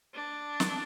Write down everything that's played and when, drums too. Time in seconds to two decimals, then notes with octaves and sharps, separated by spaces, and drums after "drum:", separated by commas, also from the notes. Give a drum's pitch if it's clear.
0.14 D4
0.60 drum: snare